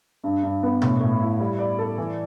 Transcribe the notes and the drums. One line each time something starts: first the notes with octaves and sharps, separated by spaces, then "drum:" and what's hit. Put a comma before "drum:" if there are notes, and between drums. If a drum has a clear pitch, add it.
G2
G2
B3
A2, drum: tom B2
A2
E4
G3
D5
A4
E3